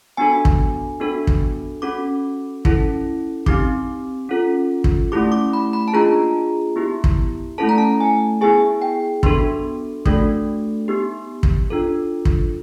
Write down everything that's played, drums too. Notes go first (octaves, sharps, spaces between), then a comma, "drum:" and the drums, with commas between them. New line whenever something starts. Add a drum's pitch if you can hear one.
B3 D4 F#4 A4 G#5
drum: kick
B3 D4 F#4 A4
drum: kick
C#4 F#4 A4 D6
C#4 E4 A4, drum: kick
C4 D#4 G4 D6, drum: kick
C#4 F4 A4
drum: kick
A3 C#4 E4 G4 D6
D6
B5
B5
A5
A#3 D4 F4 G#4 A#5
B3 E4 G4
drum: kick
A3 C#4 E4 A4 A5
A#5
A5
G#5
B3 E4 G#4 G#5
G5
B3 D4 F#4 A4 C6, drum: kick
A3 D4 F#4 A4, drum: kick
B3 D#4 G4
drum: kick
D4 F4 A4
drum: kick